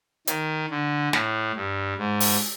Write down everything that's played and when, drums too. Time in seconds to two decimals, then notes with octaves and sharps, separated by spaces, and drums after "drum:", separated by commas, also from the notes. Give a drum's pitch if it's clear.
0.27 D#3, drum: hi-hat
0.70 D3
1.13 A2, drum: snare
1.56 G2
1.98 G#2
2.20 drum: open hi-hat